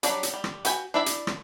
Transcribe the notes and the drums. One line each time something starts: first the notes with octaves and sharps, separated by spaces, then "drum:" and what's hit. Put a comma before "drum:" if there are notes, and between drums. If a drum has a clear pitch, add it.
F#3 G3 D4 D5 B5, drum: hi-hat
drum: hi-hat
G3
drum: rim click
F#4 B4 G5 G#5, drum: hi-hat
D4 E4 D5 E5 B5
drum: hi-hat
drum: rim click